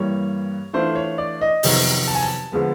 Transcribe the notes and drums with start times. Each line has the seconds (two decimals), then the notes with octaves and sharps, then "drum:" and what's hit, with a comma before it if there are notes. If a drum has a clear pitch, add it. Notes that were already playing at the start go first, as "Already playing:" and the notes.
Already playing: G2 E3 G3 A#3 C#5
0.73 E3 A3 D4 F4 C5
0.96 C#5
1.18 D5
1.41 D#5
1.63 F2 C3 D#3 F#3 B3, drum: open hi-hat
2.08 A5
2.15 G#5
2.23 A5
2.52 D3 F3 G#3 B3